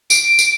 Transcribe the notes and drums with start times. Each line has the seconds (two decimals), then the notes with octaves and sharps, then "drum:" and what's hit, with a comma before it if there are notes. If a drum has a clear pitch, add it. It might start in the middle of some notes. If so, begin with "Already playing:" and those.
0.10 D7, drum: tambourine
0.39 drum: tambourine